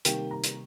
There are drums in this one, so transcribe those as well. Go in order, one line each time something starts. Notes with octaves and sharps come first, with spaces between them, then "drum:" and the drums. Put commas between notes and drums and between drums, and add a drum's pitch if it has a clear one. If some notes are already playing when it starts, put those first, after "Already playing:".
C3 D#3 G3 A#3 G5, drum: hi-hat
A#5
drum: hi-hat